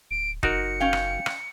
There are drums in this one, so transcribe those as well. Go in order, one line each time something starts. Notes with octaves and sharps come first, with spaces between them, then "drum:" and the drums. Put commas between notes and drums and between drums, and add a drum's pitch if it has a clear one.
D1 D7
F#1 D#4 F#4 A#4 C#7, drum: kick E1
C#4 F5 G5
drum: rim click
drum: rim click